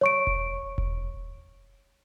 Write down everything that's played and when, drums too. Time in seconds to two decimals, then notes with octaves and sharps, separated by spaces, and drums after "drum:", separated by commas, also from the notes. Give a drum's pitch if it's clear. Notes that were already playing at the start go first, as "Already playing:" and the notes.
0.01 C#5 C#6 D7
0.27 drum: kick E1
0.78 drum: kick E1